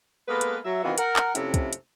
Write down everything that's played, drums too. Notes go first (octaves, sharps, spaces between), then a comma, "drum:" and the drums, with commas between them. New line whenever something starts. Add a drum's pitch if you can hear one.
G#3 A#3 B3 A4 B4
drum: hi-hat
F#3 E5
C3 D#3 E3 B3 F4 F#4
A#4 F#5, drum: hi-hat
drum: clap
F2 C3 A3 C4 C#4 E4, drum: hi-hat
drum: kick, hi-hat
drum: hi-hat